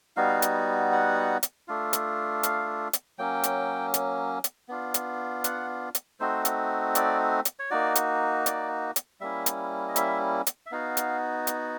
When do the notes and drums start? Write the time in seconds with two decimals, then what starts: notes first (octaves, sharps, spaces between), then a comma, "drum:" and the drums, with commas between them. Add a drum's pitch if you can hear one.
0.17 G3 B3 D#4 F#4 F5
0.42 drum: hi-hat
0.92 F#5
1.43 drum: hi-hat
1.68 A3 D4 F4
1.93 drum: hi-hat
2.43 F5, drum: hi-hat
2.93 drum: hi-hat
3.19 F#3 A#3 C#4 G5
3.43 drum: hi-hat
3.94 drum: hi-hat
4.44 drum: hi-hat
4.68 B3 D4 F4
4.94 drum: hi-hat
5.44 F#5, drum: hi-hat
5.95 drum: hi-hat
6.20 A3 C4 D#4 F#4 C5
6.45 drum: hi-hat
6.95 D5, drum: hi-hat
7.45 drum: hi-hat
7.59 C#5
7.71 A#3 D#4 F#4 D5
7.95 drum: hi-hat
8.46 D5, drum: hi-hat
8.96 drum: hi-hat
9.20 G3 A#3 C#4 E4 E5
9.46 drum: hi-hat
9.88 D#5
9.96 E5, drum: hi-hat
10.47 drum: hi-hat
10.66 E5
10.71 B3 D#4 F#4 F5
10.97 drum: hi-hat
11.47 drum: hi-hat